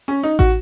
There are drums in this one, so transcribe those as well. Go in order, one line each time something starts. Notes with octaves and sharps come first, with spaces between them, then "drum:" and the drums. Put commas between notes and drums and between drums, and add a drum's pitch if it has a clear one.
C#4
D#4
F#4, drum: kick